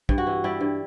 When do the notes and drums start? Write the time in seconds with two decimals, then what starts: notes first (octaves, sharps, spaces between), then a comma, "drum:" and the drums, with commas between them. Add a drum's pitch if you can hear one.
0.09 G2, drum: kick
0.18 F#4
0.27 E3
0.44 G3 E4
0.61 G2